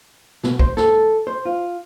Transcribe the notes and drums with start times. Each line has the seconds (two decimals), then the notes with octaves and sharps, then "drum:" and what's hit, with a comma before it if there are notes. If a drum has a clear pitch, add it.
0.43 B2, drum: snare
0.59 C5, drum: kick
0.77 A4, drum: snare
1.27 C5
1.45 F4